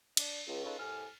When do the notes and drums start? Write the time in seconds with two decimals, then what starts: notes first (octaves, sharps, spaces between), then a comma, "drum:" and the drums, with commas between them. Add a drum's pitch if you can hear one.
0.17 D4, drum: cymbal
0.47 C#2
0.64 C#4 D#4 F4 G#4 A4 B4
0.79 C2 A2 G#5 F6